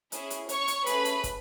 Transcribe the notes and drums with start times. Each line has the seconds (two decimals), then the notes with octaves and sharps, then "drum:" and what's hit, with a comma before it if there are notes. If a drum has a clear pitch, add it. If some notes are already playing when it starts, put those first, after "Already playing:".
0.12 C#4 E4 G#4, drum: hi-hat
0.30 drum: hi-hat
0.49 C#5 C#6, drum: hi-hat
0.68 drum: hi-hat
0.86 A3 C#4 G#4 B4 B5, drum: hi-hat
1.05 drum: hi-hat
1.24 drum: kick, hi-hat